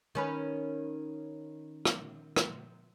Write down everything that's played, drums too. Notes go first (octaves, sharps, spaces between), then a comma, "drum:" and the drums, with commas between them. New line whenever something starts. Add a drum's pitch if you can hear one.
D#3 C#4 B4
drum: rim click
drum: rim click